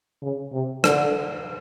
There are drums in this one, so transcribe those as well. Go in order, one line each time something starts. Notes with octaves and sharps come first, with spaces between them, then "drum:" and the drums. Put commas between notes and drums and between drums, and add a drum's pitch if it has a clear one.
C#3
C3
D3, drum: rim click